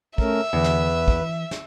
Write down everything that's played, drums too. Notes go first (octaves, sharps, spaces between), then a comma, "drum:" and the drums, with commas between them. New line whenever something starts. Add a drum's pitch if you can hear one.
A3 C#4 A#4 E5, drum: kick
E2 D3 B4
drum: snare
E3, drum: kick
drum: snare